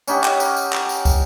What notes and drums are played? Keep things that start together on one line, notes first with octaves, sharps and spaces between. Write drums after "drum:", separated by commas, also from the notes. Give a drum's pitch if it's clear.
C#4 D#4 G4 F#5, drum: tambourine
drum: clap
drum: tambourine
drum: tambourine
drum: clap
drum: tambourine
drum: kick, tambourine